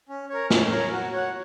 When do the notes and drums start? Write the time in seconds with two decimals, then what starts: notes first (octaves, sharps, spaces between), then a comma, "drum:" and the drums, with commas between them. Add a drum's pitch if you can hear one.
0.09 C#4
0.29 A#4 C#5
0.50 C#4, drum: snare
0.71 A#4 C#5
0.92 F#4
1.12 C#5 F#5